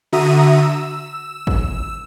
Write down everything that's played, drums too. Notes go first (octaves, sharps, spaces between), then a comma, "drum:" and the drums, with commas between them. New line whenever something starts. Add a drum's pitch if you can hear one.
D3 F#4 E5 A#5 D#6 D#7
E6
drum: kick